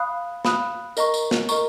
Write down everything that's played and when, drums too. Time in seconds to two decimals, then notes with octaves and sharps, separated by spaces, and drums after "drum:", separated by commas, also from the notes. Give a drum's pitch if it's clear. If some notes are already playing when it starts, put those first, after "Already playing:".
Already playing: F5 B5 D#6 F#6
0.45 F5 B5 D#6 F#6, drum: snare
0.97 A#4 D#5 A#5 C#6, drum: tambourine
1.14 drum: tambourine
1.31 drum: snare
1.49 A#4 D#5 A#5 C#6, drum: tambourine